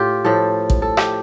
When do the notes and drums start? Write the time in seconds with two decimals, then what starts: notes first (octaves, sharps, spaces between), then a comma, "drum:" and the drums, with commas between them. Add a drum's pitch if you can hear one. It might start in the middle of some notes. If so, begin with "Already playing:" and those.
Already playing: A2 F4 G4
0.25 A2 F3 A4
0.70 drum: kick
0.82 A4
0.97 G4, drum: rim click